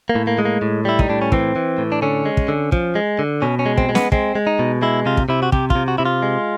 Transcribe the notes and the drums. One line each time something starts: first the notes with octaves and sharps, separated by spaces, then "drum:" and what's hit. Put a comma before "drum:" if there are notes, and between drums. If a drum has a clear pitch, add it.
A#3
A2
A#3
G#3
A#3
A2
G3 E4
D#4, drum: kick
A2 D4
C#4
E3 C4, drum: kick
E3
A2
D4
D3 C#4
G#3
drum: kick
D3
F3, drum: kick
G#3
D3
B2 C#4
C#4
G#3
C4, drum: kick
G#3
B3, drum: snare
G#3 C4, drum: kick
G#3
D#4
B2
G#3 E4
C3 F4
drum: kick
C3 E4
F#4
C3 G4, drum: kick
F4, drum: kick
C3
F#4
C3 E4
F4
G#3